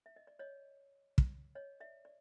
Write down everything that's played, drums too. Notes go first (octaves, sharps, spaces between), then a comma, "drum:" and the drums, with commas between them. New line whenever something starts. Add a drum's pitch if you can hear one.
E5
D#5
D5
C#5 D#5
drum: kick
C#5 D#5
D5 E5
D5